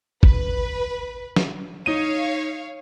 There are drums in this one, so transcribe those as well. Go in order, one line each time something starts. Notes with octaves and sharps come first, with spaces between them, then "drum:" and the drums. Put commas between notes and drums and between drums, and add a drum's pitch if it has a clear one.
B4, drum: kick
drum: snare
D#4 C#5 F5 D#7